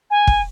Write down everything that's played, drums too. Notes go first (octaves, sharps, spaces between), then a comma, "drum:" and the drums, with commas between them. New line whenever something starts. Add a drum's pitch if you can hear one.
G#5
drum: kick